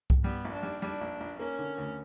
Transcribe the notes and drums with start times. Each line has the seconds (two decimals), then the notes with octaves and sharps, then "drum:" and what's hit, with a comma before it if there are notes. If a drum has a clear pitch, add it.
0.10 drum: kick C2
0.24 G3 B3
0.45 A#1
0.53 D4
0.63 G3
0.82 G3 D4
1.01 A#1
1.20 A#1
1.39 A#3 C#4
1.59 D3
1.78 D2